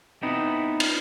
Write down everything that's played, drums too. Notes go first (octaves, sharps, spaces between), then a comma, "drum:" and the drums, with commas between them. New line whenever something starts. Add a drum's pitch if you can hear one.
B3 C4 D#4 E4 B4
drum: cymbal